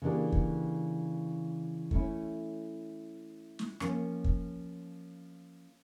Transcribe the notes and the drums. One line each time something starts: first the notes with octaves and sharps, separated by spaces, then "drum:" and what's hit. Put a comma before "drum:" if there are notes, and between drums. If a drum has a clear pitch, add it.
C#3 E3 A#3 D4 G4
drum: kick
A3 C#4 E4, drum: kick
drum: snare
F3 A#3 C#4, drum: rim click
drum: kick